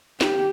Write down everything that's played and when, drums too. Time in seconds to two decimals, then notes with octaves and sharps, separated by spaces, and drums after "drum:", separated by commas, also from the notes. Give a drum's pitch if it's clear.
0.21 G4, drum: snare